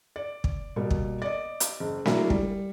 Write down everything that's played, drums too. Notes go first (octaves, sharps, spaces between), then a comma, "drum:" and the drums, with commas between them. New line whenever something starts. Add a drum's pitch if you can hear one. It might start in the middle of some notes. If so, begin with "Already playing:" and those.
D5
drum: kick
B2 G3 A#3
drum: kick
D5 D#5
drum: hi-hat
F#1
F#3 A#3 D4 E4 A#4, drum: snare
G3, drum: kick